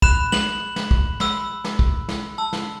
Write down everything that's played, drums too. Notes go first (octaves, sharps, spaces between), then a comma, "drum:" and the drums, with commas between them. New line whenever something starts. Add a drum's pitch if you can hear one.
B5 F#6 E7, drum: kick
F#7, drum: snare
drum: snare
drum: kick
B5 E6, drum: snare
drum: snare
drum: kick
drum: snare
A5 E6
drum: snare